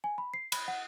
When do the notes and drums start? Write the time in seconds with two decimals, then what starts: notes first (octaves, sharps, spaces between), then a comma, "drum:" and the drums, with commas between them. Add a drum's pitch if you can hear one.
0.04 G#5
0.18 B5
0.34 C7
0.52 B5, drum: cymbal
0.68 F#5